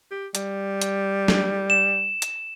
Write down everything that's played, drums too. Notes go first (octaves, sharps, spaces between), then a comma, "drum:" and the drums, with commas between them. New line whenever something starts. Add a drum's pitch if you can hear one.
G4
G3, drum: hi-hat
drum: hi-hat
drum: snare
E7
drum: hi-hat